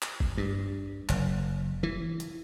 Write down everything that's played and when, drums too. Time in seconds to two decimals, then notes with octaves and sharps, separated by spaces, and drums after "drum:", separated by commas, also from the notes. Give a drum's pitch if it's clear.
0.02 drum: clap
0.20 drum: kick
0.37 G2
1.09 F#1, drum: clap
1.83 E3
2.20 drum: hi-hat